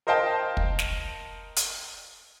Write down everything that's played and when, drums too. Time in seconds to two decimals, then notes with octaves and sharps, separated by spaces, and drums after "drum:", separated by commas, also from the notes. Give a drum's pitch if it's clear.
0.07 A#4 C5 D#5 F5 G5 A5
0.57 drum: kick
0.79 drum: snare
1.56 drum: hi-hat